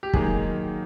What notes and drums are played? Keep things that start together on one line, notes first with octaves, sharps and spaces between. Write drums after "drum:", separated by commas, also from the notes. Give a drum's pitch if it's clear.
G4
D#3 F#3 G#3 A#3 D#4 G#4, drum: kick